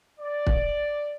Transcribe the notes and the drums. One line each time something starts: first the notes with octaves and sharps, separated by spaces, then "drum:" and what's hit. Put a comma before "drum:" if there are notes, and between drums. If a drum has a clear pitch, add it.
D5
drum: kick